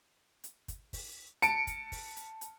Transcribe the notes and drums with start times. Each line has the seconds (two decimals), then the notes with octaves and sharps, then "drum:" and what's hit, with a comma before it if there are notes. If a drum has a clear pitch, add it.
0.44 drum: hi-hat
0.68 drum: kick, hi-hat
0.93 drum: kick, open hi-hat
1.42 A5 C#7 D7, drum: hi-hat
1.67 drum: kick, hi-hat
1.92 drum: kick, open hi-hat
2.16 drum: hi-hat
2.41 drum: hi-hat